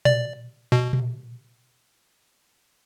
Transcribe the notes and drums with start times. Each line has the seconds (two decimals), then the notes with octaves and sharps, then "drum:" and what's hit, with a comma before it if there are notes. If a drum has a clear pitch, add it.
0.05 D5, drum: tom A#2
0.72 B2
0.93 drum: tom A#2